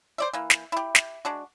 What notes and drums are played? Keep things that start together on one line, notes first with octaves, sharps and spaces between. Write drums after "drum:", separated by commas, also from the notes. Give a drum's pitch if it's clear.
C5 D5 E5
E3 A#3
drum: snare
E4 G4
drum: snare
G#3 D4 F#4